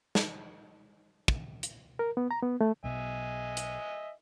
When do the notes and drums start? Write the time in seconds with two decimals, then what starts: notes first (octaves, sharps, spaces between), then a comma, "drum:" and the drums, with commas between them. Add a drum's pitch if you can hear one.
0.15 drum: snare
1.28 drum: kick
1.63 drum: hi-hat
1.99 A#4
2.17 B3
2.31 A#5
2.43 B3
2.61 A3
2.84 B1 B2 D#5 E5 G#5
3.57 drum: hi-hat